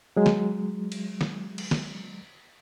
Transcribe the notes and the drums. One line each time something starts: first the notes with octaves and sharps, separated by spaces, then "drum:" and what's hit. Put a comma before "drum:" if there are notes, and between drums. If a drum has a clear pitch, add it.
F#3 G#3
drum: snare
drum: cymbal
drum: snare
drum: cymbal
drum: snare